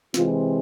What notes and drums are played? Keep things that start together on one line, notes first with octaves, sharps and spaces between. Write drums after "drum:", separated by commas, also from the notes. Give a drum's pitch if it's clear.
C3 E3 G#3 C4 F4, drum: snare